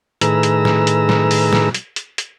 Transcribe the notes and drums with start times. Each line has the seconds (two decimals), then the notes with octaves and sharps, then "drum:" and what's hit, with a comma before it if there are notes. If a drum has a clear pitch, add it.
0.21 A2 D#3 G#4 B4 A#5 E6, drum: hi-hat
0.43 drum: hi-hat
0.65 drum: snare
0.87 drum: hi-hat
1.09 drum: snare
1.31 drum: open hi-hat
1.53 drum: snare
1.75 drum: hi-hat
1.96 drum: hi-hat
2.18 drum: hi-hat